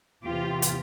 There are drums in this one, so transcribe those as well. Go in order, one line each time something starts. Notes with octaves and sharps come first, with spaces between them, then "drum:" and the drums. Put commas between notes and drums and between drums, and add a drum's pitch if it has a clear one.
E2 C3 E3 F4 G4
drum: hi-hat